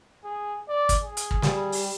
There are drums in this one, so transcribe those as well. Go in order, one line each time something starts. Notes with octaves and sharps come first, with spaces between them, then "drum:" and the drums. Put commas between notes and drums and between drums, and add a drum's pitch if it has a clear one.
G#4
D5
drum: kick, hi-hat
G#4
drum: hi-hat
drum: kick
G3, drum: snare
drum: open hi-hat